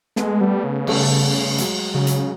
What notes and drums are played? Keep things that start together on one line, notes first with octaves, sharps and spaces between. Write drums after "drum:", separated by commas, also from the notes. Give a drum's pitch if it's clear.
G#3 A3 B3, drum: snare
G3 A3 B3
C#3
G3 A3, drum: cymbal
F#3 G#3, drum: hi-hat
C#3 F#3
drum: hi-hat